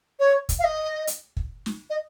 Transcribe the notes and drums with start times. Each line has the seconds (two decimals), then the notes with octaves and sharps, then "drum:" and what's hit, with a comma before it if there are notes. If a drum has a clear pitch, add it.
0.19 C#5
0.49 drum: kick, hi-hat
0.59 F5
0.64 D#5
1.07 drum: hi-hat
1.37 drum: kick
1.66 drum: snare
1.90 D#5